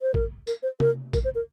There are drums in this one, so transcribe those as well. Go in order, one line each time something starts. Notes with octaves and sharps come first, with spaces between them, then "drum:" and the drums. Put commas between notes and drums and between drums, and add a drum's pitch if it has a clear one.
C5
A#4, drum: kick
A#4, drum: tambourine
C5
A#4, drum: tom C3
A#4, drum: kick, tambourine
C5
A#4